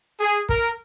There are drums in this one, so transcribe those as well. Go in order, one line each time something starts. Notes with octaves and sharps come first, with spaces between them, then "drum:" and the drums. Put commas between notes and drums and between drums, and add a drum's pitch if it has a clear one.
G#4
A#4, drum: kick